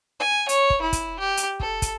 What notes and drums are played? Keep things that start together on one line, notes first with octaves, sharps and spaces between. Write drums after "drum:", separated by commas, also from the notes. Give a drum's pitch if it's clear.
G#5
C#5, drum: hi-hat
drum: kick
E4
drum: kick, hi-hat
G4
drum: hi-hat
A4, drum: kick
drum: kick, hi-hat